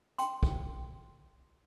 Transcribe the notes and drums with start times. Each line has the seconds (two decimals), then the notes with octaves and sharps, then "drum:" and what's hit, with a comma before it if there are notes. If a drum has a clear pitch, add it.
0.18 G5 C6, drum: hi-hat
0.43 drum: kick